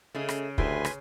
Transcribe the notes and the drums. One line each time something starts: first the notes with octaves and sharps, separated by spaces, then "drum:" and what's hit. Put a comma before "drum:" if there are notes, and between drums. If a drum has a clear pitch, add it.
C#3 A3 G#4 D#5
drum: rim click
D2 A3 E4 G4 B4 G#5 C6, drum: kick
drum: rim click